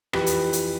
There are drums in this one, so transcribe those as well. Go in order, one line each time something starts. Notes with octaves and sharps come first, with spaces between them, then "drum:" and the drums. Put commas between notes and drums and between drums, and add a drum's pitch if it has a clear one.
F2 E3 G4 B4, drum: rim click
drum: hi-hat
drum: hi-hat